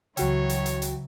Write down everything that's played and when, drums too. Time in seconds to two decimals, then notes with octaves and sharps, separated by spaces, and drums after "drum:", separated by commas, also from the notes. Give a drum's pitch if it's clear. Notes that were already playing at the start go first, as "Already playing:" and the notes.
0.17 C#2 C#3 E3 F#3 F#4 C#5 G5, drum: hi-hat
0.49 drum: hi-hat
0.66 drum: hi-hat
0.82 drum: hi-hat